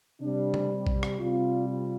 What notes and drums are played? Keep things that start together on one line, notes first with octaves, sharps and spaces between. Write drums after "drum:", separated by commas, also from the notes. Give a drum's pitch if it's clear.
C3 G3 D4
drum: tom C3
drum: kick B1
drum: rim click
C3 G3 F4
F4